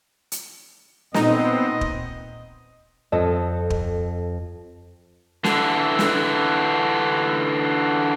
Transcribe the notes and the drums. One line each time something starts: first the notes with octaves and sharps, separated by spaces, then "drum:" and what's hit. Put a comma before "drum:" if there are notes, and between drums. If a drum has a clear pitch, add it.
drum: hi-hat
A#2 B3 C4 D#4 D#5, drum: snare
drum: kick
F2 A4 D#5
drum: kick
D3 E3, drum: snare
drum: snare